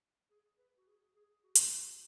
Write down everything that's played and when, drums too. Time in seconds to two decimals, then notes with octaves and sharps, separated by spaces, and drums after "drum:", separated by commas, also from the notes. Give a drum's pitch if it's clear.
0.30 G#4
0.59 B4
0.77 F#4
0.87 G#4
1.15 G#4
1.43 F#4
1.55 drum: hi-hat
1.72 F#4